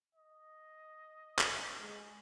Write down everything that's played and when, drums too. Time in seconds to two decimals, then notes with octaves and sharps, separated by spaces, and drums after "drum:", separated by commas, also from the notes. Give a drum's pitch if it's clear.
0.15 D#5
1.39 drum: clap
1.80 G#3